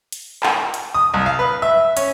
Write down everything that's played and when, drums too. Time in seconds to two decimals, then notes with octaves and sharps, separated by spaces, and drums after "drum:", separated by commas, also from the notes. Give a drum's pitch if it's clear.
0.12 drum: hi-hat
0.43 drum: clap
0.74 drum: hi-hat
0.95 D#6
1.14 C2
1.26 F5
1.39 B4
1.62 E5
1.97 C#4, drum: hi-hat